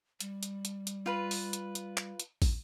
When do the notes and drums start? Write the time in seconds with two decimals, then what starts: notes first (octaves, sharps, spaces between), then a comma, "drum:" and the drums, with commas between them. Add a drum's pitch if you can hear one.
0.20 G3, drum: hi-hat
0.43 drum: hi-hat
0.65 drum: hi-hat
0.87 drum: hi-hat
1.06 F4 B4 B5
1.31 drum: open hi-hat
1.53 drum: hi-hat
1.75 drum: hi-hat
1.97 drum: clap
2.20 drum: hi-hat
2.42 drum: kick, open hi-hat